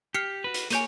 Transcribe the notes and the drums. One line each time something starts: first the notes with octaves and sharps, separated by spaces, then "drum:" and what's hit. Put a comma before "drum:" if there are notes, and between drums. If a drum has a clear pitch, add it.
G4 F6 C7 C#7
F#4 B4
drum: hi-hat
A#3 C5 C#5 G#5 G6 D#7, drum: hi-hat